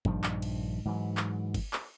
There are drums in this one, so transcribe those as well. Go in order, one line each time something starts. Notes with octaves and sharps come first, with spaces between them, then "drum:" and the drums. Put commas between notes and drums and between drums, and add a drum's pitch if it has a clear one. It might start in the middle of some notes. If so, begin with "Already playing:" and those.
A#1 G2 D#3 F3, drum: kick G1
drum: clap
drum: cymbal
G#2 E3 F#3
drum: clap
drum: kick G1, cymbal
drum: clap